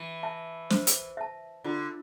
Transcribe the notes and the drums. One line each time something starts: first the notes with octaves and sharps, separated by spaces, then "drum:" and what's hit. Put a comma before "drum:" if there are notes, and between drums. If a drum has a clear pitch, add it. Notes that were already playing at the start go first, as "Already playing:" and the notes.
Already playing: E3
E5 A5
C5, drum: snare
drum: hi-hat
E5 A5
D3 F4